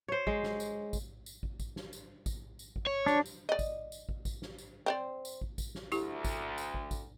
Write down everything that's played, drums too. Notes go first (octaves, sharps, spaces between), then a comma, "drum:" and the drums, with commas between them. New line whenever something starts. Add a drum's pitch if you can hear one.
C5 C#5
G#3, drum: kick
drum: snare
drum: tambourine
drum: kick, tambourine
drum: tambourine
drum: kick
drum: kick, tambourine
drum: snare
drum: tambourine
drum: kick, tambourine
drum: tambourine
drum: kick
C#5
D4, drum: snare
drum: tambourine
D5 D#5
drum: kick, tambourine
drum: tambourine
drum: kick
drum: kick, tambourine
drum: snare
drum: tambourine
C4 C5 D5
drum: tambourine
drum: kick
drum: kick, tambourine
drum: snare
D2 E4 G4, drum: tambourine
drum: kick, tambourine
drum: tambourine
drum: kick
drum: kick, tambourine